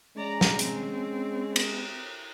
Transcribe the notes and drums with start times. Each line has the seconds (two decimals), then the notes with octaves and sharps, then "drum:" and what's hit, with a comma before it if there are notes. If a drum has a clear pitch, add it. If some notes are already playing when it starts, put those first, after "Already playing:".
0.17 G#3 C#4 D5 A#5
0.41 drum: snare
0.59 C4, drum: hi-hat
1.56 drum: cymbal